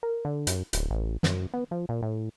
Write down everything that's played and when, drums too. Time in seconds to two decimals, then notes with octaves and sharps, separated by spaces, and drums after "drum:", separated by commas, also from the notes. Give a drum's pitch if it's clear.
0.03 A#4
0.25 D3
0.47 F#2, drum: hi-hat
0.73 D1, drum: hi-hat
0.91 A1
1.23 F#2, drum: snare
1.54 B3
1.71 F3
1.89 A#2
2.02 A2